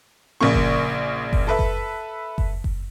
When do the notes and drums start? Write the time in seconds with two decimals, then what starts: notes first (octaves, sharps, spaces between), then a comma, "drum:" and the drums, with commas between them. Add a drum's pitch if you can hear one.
0.41 A#1 C#3 A#3 C#6
0.54 drum: kick F#1
1.33 drum: kick F#1
1.47 A4 B4 E5
1.59 drum: kick F#1
2.38 drum: kick F#1
2.64 drum: kick F#1